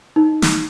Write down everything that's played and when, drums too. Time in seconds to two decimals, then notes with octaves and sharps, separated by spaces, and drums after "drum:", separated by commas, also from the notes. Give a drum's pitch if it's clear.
0.16 D#4
0.42 drum: snare